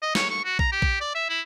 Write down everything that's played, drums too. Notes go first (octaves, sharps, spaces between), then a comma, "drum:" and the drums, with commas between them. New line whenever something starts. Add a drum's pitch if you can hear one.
D#5
C#5, drum: snare
C#6
F#4
A#5, drum: kick A#1
G4
drum: kick A#1
D5
E5
E4